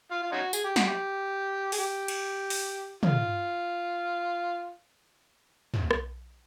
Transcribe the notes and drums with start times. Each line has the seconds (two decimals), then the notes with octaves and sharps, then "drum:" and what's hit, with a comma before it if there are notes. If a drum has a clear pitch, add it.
0.11 F4
0.22 F4
0.32 C#4 D#4 F#4
0.53 G#4, drum: tambourine
0.64 G4
0.76 F#4, drum: snare
0.87 G4
1.72 G#4, drum: open hi-hat
1.78 G4
2.08 drum: cymbal
2.50 drum: open hi-hat
3.03 F4, drum: tom
5.74 drum: tom
5.91 drum: rim click